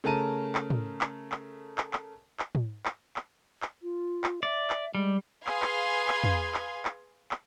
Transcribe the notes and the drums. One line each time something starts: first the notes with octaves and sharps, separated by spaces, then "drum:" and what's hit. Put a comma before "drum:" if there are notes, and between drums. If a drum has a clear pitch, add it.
C#3 A3 A#4 A5 A#5 D#7
drum: clap
drum: tom
drum: clap
drum: clap
drum: clap
drum: clap
drum: clap
drum: tom
drum: clap
drum: clap
drum: clap
F4
drum: clap
D5 E5
drum: clap
G3 G#3
G#4 B4 F5 C6 G#6, drum: clap
drum: clap
drum: clap
drum: tom
drum: clap
drum: clap
drum: clap